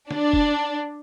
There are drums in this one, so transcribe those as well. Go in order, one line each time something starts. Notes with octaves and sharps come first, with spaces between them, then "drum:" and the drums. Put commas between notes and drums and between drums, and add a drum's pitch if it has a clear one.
D4, drum: snare
drum: kick F1